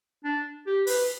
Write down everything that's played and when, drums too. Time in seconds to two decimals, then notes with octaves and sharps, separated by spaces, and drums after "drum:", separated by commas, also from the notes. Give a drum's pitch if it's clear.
0.24 D4
0.67 G4
0.87 B4, drum: open hi-hat